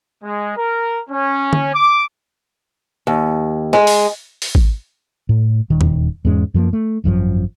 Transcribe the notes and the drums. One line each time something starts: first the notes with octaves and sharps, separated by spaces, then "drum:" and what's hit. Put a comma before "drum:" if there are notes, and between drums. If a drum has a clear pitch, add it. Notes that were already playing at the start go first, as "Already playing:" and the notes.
G#3
A#4
C#4
drum: tom D3
D6
D#2
G#3, drum: snare
drum: open hi-hat
drum: open hi-hat
drum: kick G#1
A2
D#1 D#3
drum: tom E2
E2 G#2 G#3 C#4
F#2 F3 G3 A#3
A3
G#1 F#2 C3 F3